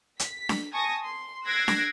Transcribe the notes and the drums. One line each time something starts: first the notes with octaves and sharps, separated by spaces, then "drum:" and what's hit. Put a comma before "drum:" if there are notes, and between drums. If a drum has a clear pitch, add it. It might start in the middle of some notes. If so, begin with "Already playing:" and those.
B6, drum: hi-hat
drum: snare D4
G#5 A5 C#6 D#6 A#6
C6
E6 F#6 G#6 A#6 C7 D7
drum: snare D4